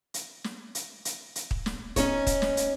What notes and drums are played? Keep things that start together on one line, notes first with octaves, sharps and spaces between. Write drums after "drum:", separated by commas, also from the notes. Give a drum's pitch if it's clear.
drum: hi-hat
drum: snare
drum: hi-hat
drum: hi-hat
drum: hi-hat
drum: kick
drum: snare
C#4 D#4 C#5, drum: kick, hi-hat
drum: kick, hi-hat
drum: snare
drum: hi-hat